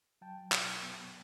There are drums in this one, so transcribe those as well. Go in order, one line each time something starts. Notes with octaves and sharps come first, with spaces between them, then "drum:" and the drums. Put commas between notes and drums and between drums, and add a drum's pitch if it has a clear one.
F#3 G5 A5
B2, drum: clap
B3